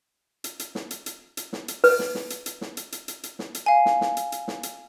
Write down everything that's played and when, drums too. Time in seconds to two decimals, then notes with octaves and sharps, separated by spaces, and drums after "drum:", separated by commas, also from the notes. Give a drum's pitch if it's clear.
0.44 drum: hi-hat
0.59 drum: hi-hat
0.75 drum: snare
0.91 drum: hi-hat
1.06 drum: hi-hat
1.37 drum: hi-hat
1.53 drum: snare
1.68 drum: hi-hat
1.84 B4, drum: open hi-hat
1.99 drum: snare
2.15 drum: snare
2.30 drum: hi-hat
2.46 drum: hi-hat
2.61 drum: snare
2.77 drum: hi-hat
2.92 drum: hi-hat
3.08 drum: hi-hat
3.23 drum: hi-hat
3.39 drum: snare
3.55 drum: hi-hat
3.66 F5 G#5
3.86 drum: snare
4.01 drum: snare
4.17 drum: hi-hat
4.32 drum: hi-hat
4.48 drum: snare
4.63 drum: hi-hat